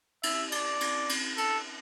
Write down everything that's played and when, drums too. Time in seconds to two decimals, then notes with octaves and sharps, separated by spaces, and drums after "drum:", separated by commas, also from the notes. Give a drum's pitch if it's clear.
0.23 E5, drum: cymbal
0.52 D5, drum: cymbal
0.81 drum: cymbal
1.09 drum: cymbal
1.38 A4, drum: cymbal